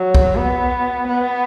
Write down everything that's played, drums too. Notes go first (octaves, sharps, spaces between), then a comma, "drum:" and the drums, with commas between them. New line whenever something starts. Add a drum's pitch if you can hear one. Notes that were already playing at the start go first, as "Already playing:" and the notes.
Already playing: F#3
drum: kick
B3
B3